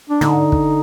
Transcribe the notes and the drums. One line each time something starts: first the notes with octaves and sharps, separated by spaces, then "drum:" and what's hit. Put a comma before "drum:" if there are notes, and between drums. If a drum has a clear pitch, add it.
D4
D3 D#4, drum: tom
drum: kick